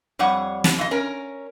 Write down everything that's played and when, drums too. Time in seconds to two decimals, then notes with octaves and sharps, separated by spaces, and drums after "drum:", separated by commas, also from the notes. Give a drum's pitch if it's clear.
0.19 F2 G3 C#5 F#5
0.64 drum: snare
0.78 F2 D#5
0.91 C#4 A#4